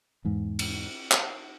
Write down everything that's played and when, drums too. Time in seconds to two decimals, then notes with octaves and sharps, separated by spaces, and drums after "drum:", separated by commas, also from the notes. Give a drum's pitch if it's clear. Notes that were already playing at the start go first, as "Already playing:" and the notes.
0.25 E2 G#2
0.59 drum: cymbal
1.11 drum: clap